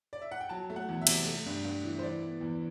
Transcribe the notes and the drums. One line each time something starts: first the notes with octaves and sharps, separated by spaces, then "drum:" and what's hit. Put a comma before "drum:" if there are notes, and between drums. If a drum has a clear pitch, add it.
D5
E5
F#5
G5
F#3 A5
A3
F#5
E2
E5
C3, drum: cymbal
A3
G2
G2
E3
C5
E3 D5
B3
E2